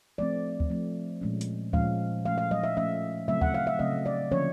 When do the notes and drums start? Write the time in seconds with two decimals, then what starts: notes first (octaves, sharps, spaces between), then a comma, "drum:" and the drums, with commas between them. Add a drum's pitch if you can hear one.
0.18 F3 A3 C4 D5
0.60 drum: kick D2
0.70 F3 A3 C4
1.21 A#2 F3 G#3 C#4
1.41 drum: hi-hat
1.73 A#2 F3 G#3 C#4 F5, drum: kick D2
2.25 F3 A3 C#4 F5
2.38 F5
2.51 D#5, drum: tom F3
2.64 E5
2.77 F3 A3 C#4 E5
3.28 C#3 F#3 A3 C4 E5
3.41 F#5, drum: kick D2
3.54 F5
3.67 E5
3.79 C#3 F#3 A3 C4 D#5
4.06 D5
4.31 D3 F3 A#3 C#4 C#5